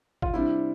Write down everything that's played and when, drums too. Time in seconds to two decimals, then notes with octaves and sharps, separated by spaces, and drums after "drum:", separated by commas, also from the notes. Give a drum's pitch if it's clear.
0.22 F4, drum: kick
0.34 C3 G3 D4 E4